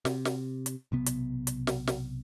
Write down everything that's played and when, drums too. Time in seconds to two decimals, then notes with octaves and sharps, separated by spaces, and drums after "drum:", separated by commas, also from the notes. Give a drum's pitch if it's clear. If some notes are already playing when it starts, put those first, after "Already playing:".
0.05 C3, drum: snare
0.25 drum: snare
0.66 drum: hi-hat
0.92 B1 C3 B3
1.06 drum: hi-hat
1.47 drum: hi-hat
1.67 drum: snare
1.87 drum: snare